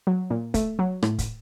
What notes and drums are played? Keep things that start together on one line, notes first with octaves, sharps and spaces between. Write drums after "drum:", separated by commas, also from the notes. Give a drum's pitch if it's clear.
F#3
A#2
A3, drum: kick, hi-hat
F#3
A2, drum: rim click
drum: kick, hi-hat